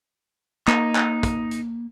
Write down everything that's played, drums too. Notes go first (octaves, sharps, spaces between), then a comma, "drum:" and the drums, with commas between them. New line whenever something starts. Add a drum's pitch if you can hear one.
A#3 D#4, drum: clap
drum: clap
drum: kick, hi-hat
drum: hi-hat